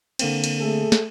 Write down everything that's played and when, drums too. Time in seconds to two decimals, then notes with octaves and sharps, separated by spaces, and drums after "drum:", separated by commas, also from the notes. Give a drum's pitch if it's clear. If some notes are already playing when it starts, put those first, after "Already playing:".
0.19 D3 A#3 C4, drum: cymbal
0.44 drum: cymbal
0.59 A3 G#4 A4
0.92 drum: snare